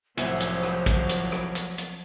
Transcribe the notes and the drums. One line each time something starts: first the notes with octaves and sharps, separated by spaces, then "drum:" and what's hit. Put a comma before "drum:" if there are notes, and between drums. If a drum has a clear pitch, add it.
C2 A2 F3 F#3 C5 E5 G#5, drum: hi-hat
drum: hi-hat
drum: rim click
drum: kick, hi-hat
drum: hi-hat
drum: rim click
drum: hi-hat
drum: hi-hat